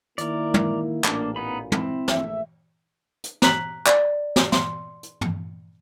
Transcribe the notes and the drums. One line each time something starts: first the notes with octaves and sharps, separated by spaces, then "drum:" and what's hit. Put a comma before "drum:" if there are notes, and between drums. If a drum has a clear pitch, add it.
D#3 A#3 E4 A#4 D5, drum: hi-hat
drum: tom
A1 A#2 A#3 D4, drum: clap
B3 D#4 B5
C4 E4, drum: tom
A#1 A3 E5, drum: snare
drum: hi-hat
A#5 F#6 B6 F#7, drum: snare
D5, drum: clap
drum: snare
C6, drum: snare
drum: hi-hat
drum: tom